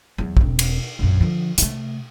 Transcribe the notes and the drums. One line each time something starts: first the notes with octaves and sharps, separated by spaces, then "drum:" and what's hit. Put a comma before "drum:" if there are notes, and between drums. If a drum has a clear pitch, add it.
E2 F#3
E1 C4, drum: kick
drum: cymbal
A#1 F#2
D3 F3
C3 A3, drum: hi-hat